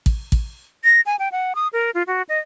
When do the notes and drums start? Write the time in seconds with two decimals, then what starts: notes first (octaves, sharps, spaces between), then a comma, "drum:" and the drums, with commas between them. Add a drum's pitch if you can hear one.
0.06 drum: kick A1
0.32 drum: kick A1
0.84 A#6
1.06 G#5
1.19 G5
1.32 F#5
1.55 D#6
1.73 A#4
1.95 F4
2.07 F#4
2.29 D#5